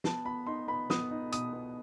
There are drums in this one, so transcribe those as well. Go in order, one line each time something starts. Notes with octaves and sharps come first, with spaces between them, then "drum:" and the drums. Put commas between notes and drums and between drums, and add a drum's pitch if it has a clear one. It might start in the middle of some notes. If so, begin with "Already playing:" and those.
B3 A5, drum: snare
B3 B5
D#4 C6
B3 B5
B3 D#6, drum: snare
D#4
B2 D#6, drum: hi-hat
B3